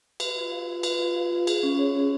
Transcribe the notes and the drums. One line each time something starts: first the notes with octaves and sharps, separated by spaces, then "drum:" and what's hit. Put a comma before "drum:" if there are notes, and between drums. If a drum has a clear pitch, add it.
B4, drum: cymbal
F4
F5
F4
B4, drum: cymbal
F4
F5
F4
G#4, drum: cymbal
C#4
C#5
C#4